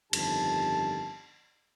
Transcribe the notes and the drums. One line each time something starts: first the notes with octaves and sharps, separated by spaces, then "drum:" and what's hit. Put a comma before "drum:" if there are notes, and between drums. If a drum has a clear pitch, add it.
G1 F2 D#3 G4 A5, drum: cymbal